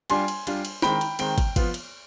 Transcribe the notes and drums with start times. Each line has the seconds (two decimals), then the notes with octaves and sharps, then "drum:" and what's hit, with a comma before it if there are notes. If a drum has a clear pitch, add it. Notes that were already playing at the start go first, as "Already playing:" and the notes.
0.10 G3 D4 F4 G#5 C6, drum: cymbal
0.28 drum: cymbal
0.47 G3 D4 F4, drum: cymbal
0.65 drum: cymbal
0.82 D#3 G#3 C4 G5 B5, drum: snare
1.01 drum: cymbal
1.19 D#3 G#3 C4 G5, drum: cymbal
1.38 drum: kick, cymbal
1.56 F3 B3 F4, drum: kick, cymbal
1.74 drum: cymbal